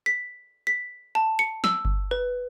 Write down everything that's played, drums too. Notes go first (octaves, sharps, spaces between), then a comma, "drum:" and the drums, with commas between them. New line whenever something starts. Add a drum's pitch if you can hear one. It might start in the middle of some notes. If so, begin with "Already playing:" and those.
B6
B6
A5
C#7
E6, drum: snare
drum: kick G1
B4